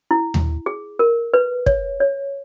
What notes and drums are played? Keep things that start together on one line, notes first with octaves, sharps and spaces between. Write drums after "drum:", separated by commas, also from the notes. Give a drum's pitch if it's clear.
E4
drum: tom D#2
G#4
A#4
B4
C#5, drum: kick
C#5